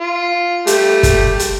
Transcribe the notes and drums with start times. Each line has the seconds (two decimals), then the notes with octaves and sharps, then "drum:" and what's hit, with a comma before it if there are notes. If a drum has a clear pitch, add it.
0.01 F4
0.67 G3 A3, drum: hi-hat
1.03 drum: kick, hi-hat
1.39 drum: hi-hat